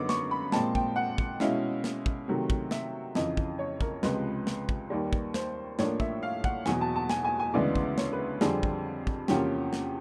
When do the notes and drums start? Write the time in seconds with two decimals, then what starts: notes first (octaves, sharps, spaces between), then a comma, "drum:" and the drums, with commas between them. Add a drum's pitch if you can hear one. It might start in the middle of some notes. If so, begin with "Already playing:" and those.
Already playing: F#2 D3 B3 D#4 D6
0.09 C#6, drum: snare
0.31 B5
0.52 A#2 F3 G#3 C4 A5, drum: snare
0.75 G5, drum: kick
0.96 F#5
1.18 drum: kick
1.40 B2 G#3 C#4 E4 F5, drum: snare
1.84 drum: snare
2.06 drum: kick
2.28 C3 D#3 F#3 A3
2.50 drum: kick
2.71 E5, drum: snare
3.15 F2 C#3 E3 D#5, drum: snare
3.37 drum: kick
3.59 C#5
3.81 A#4, drum: kick
4.03 C#2 C3 F3 G#3 B4, drum: snare
4.47 drum: snare
4.69 drum: kick
4.90 D#2 D#3 G3
5.13 drum: kick
5.34 C5, drum: snare
5.79 A2 F3 A#3 D4 C#5, drum: snare
6.00 E5, drum: kick
6.23 F5
6.44 F#5, drum: kick
6.66 E2 B2 F#3 G#5, drum: snare
6.81 A5
6.96 A5
7.09 G#5, drum: snare
7.24 G#5
7.39 G#5
7.54 D2 C#3 E3 G#3 B3 D5
7.75 drum: kick
7.98 C#5, drum: snare
8.13 B4
8.41 F2 D3 G3 C4 G#4, drum: snare
8.63 drum: kick
9.07 drum: kick
9.28 E2 C3 F3 A#3 C#4 G4, drum: snare
9.73 drum: snare